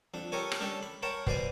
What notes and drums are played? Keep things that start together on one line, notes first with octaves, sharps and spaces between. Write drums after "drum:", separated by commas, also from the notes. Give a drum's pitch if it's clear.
F2 D4
G4 A4 A#4 C#5 G#5
drum: rim click
C#4 D4 G4 A4
B5
A#4 C#5 G5 A5 B5
B2 C5 D5 G#5, drum: kick